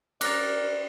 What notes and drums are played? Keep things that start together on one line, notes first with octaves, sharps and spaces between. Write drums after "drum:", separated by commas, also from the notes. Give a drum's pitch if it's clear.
A#4 D5 D6 F#6 A6, drum: cymbal